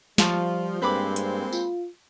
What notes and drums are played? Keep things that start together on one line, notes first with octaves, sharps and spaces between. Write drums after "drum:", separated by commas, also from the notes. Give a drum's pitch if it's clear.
F3 G3 F4 A5 C#6, drum: snare
G2 G#3 A#3 C4 B4 B5 D6
drum: hi-hat
F4, drum: tambourine